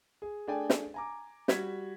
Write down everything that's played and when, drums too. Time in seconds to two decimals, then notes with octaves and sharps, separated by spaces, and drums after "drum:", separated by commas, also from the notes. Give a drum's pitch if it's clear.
0.22 G#4
0.47 A3 D4 G#4 D5 G5 G#5
0.70 drum: snare
0.94 G#5 A#5 D6
1.48 G3 F#4 G#6 B6, drum: snare